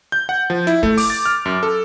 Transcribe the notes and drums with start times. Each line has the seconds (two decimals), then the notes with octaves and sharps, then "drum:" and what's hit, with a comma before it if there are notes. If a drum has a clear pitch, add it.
0.12 G6
0.29 F#5
0.50 F3
0.67 E4, drum: hi-hat
0.83 A3, drum: kick
0.98 D6, drum: open hi-hat
1.10 A6
1.26 F6
1.45 F#2
1.63 A4